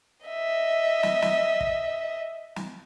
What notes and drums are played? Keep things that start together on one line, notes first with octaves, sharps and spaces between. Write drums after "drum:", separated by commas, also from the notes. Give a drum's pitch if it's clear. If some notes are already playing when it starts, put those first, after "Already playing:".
D#5 E5
drum: snare
drum: snare
drum: kick
drum: snare